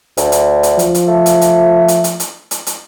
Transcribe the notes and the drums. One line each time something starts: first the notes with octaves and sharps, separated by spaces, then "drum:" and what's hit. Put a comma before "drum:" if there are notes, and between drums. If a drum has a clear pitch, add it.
D2, drum: hi-hat
drum: hi-hat
drum: hi-hat
F3, drum: hi-hat
drum: hi-hat
A3
drum: hi-hat
drum: hi-hat
drum: hi-hat
drum: hi-hat
drum: hi-hat
drum: hi-hat
drum: hi-hat